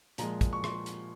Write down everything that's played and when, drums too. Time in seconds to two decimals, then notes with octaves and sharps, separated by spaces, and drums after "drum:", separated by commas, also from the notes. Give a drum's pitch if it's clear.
0.18 A#2 F3 G#3 A#5, drum: hi-hat
0.41 drum: kick, hi-hat
0.53 C#6
0.64 C6, drum: rim click
0.86 drum: hi-hat